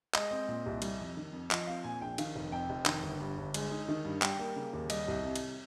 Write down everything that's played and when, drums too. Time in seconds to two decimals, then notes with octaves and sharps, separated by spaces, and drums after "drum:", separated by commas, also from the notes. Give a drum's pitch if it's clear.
0.14 G#3 D#5, drum: clap
0.31 C4
0.48 A#2
0.66 C2
0.82 G3, drum: cymbal
1.00 F2
1.17 D#3
1.33 F2
1.51 F3 D#5, drum: clap
1.67 C4 F5
1.84 A#2 G#5
2.01 A#1 G5
2.18 D#3 F5, drum: cymbal
2.35 F1
2.52 F2 G5
2.69 F1
2.86 D#3, drum: clap
3.03 G1
3.21 G2
3.38 G1
3.54 G#3, drum: cymbal
3.71 D#4
3.88 D#3
4.05 G2
4.22 G3 G5, drum: clap
4.39 A#3
4.56 C#3
4.73 D#2
4.90 G3 D#5, drum: cymbal
5.08 C2
5.25 C3
5.36 drum: cymbal